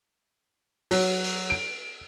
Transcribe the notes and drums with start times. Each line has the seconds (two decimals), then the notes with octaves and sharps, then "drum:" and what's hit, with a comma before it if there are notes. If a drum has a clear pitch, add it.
0.91 F#3, drum: open hi-hat
1.24 drum: open hi-hat
1.50 D7